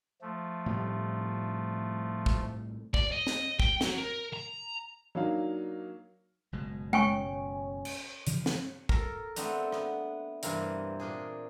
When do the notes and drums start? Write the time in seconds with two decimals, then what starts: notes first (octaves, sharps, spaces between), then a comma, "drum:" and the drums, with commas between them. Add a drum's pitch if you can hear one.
0.22 F3 A3
0.66 A2 C3 G3
2.26 drum: kick
2.94 D5, drum: kick
3.12 D#5
3.27 drum: snare
3.60 G5, drum: kick
3.81 F#3, drum: snare
3.98 A#4
4.33 A#5
5.15 F#3 A#3 D4 D#4 F5
6.53 F#1 B2 G#3
6.93 C#4 G5 G#5 C#6, drum: tom G#3
7.85 drum: cymbal
8.27 C#3 E3 F3, drum: hi-hat
8.46 drum: snare
8.89 A4 A#4, drum: kick
9.36 A3 B3 C4 D4, drum: hi-hat
9.72 B3, drum: rim click
10.43 G2 C3 E3 A#3 C4, drum: hi-hat
11.00 A#2 D4 G#4